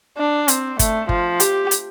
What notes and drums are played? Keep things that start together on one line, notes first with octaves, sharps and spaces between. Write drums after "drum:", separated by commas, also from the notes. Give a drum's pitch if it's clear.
D4
C4, drum: hi-hat
A3, drum: kick G1, hi-hat
F3, drum: kick G1
G4, drum: hi-hat
drum: hi-hat